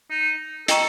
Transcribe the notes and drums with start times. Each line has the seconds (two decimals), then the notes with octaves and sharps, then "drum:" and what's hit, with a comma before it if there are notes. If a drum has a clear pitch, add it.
0.10 D#4
0.68 A4 D#5 G5 A#5 C#6 E6, drum: hi-hat